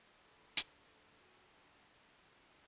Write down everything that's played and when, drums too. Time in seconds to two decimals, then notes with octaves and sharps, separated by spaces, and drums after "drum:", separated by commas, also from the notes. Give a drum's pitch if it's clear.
0.25 A4 B5
0.57 D4, drum: hi-hat
0.89 A4
1.21 F#4 G#5
1.53 D4 A5
1.86 G#4
2.17 F4
2.50 D4